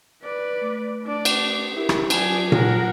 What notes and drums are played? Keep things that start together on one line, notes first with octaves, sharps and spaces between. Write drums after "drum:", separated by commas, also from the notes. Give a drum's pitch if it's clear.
B4 D5
A3
D4 D5
drum: cymbal
E4 G4 A#4
drum: rim click
F#3 F4 D5 G#5 A5, drum: cymbal
A#4 F#5, drum: tom A#2